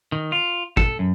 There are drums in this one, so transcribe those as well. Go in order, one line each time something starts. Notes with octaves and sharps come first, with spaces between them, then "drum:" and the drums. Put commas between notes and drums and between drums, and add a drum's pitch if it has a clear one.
D#3
F4
A4, drum: kick
F#2